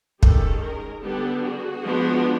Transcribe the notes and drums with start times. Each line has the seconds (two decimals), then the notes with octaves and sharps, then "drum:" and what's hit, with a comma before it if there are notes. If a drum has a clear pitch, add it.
0.23 D#3 G#3 C#4 G4 A4, drum: kick
0.63 G#4 A#4
1.03 D3 G3 B3 D4 G4 A4
1.43 F#4 G#4
1.84 F3 G#3 B3 D4